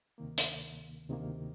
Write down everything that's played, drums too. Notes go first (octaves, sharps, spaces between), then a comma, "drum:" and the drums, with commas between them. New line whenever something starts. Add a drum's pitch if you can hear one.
D2 C3 D#3 A#3
drum: hi-hat
D2 C3 D#3 A#3